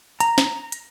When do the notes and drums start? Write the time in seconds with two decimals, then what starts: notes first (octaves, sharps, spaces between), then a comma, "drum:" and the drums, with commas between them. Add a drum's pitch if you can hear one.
0.20 A#5, drum: hi-hat
0.38 drum: snare
0.72 drum: hi-hat